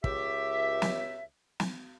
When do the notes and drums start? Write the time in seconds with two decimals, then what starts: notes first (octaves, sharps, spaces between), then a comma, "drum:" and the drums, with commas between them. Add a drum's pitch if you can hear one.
0.04 C#2 G4 E5, drum: kick
0.82 drum: snare
1.60 drum: snare